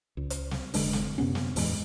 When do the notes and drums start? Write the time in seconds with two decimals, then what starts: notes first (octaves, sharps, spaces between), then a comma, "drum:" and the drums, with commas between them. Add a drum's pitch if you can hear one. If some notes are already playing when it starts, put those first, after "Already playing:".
0.17 C#2
0.30 drum: hi-hat
0.51 drum: snare
0.74 F1 D3 G#3 D4, drum: open hi-hat
0.93 drum: snare
1.18 F#2 C3 B3 C#4
1.35 drum: snare
1.56 E2 A2 E3 G#3, drum: open hi-hat